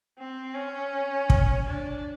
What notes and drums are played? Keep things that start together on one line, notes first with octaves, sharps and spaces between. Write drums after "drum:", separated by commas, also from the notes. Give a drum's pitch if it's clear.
C4
C#4
drum: kick
D4